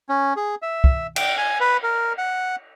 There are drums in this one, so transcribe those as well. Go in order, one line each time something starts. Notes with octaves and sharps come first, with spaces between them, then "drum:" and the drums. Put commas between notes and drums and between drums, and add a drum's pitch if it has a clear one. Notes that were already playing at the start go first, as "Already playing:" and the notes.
C#4
G#4
E5
drum: kick
G5, drum: cymbal
G#5
B4
A#4
F#5